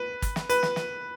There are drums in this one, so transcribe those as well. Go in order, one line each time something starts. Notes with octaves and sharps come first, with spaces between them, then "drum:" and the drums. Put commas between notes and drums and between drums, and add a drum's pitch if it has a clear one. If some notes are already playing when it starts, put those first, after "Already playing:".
Already playing: B4
drum: kick, hi-hat
drum: snare
B4, drum: hi-hat
drum: snare
drum: snare